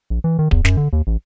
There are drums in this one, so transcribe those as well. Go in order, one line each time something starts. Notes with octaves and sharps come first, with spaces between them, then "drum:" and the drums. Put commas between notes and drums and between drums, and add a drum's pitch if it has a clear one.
A#1
E3
D#3
E2, drum: kick D1
F#2, drum: snare
D3
D#2
A1